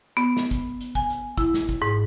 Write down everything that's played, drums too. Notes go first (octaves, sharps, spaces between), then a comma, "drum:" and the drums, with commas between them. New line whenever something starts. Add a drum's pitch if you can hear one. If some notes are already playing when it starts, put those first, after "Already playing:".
B3
drum: snare
drum: kick, hi-hat
drum: hi-hat
G#5, drum: kick
drum: hi-hat
E4, drum: kick, hi-hat
drum: snare
drum: kick, hi-hat
G#2